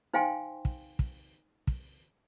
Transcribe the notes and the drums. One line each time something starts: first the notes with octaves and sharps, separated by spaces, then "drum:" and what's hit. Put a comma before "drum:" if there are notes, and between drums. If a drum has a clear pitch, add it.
D#4 C5 F5 G5 G#5 C6
drum: kick
drum: kick
drum: kick